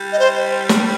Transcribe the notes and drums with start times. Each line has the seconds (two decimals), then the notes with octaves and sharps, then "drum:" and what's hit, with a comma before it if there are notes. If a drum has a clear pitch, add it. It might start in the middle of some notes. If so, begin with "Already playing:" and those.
Already playing: G3
0.12 D#5
0.19 C5
0.69 drum: snare